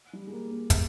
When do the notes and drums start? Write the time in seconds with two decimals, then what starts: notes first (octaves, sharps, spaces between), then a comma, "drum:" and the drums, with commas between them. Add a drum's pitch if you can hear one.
0.13 G3
0.27 G#3
0.32 A#3
0.51 A#3
0.70 drum: kick, hi-hat